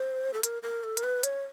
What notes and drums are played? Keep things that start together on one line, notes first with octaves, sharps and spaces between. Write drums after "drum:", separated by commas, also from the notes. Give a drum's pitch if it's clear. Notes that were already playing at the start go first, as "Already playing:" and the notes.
Already playing: C5
A4
A#4, drum: hi-hat
A#4
A4
A#4, drum: hi-hat
B4
C#5, drum: hi-hat